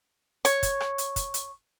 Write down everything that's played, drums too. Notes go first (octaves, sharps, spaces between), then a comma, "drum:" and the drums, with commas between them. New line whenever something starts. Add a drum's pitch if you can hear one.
C#5, drum: hi-hat
drum: kick, hi-hat
drum: rim click
drum: hi-hat
drum: kick, hi-hat
drum: hi-hat